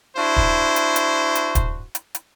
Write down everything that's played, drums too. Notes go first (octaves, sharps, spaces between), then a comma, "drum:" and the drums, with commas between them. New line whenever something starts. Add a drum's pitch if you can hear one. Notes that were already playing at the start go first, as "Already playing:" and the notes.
D4 E4 F#4 C5
drum: kick
drum: hi-hat
drum: hi-hat
drum: hi-hat
drum: kick, hi-hat
drum: hi-hat
drum: hi-hat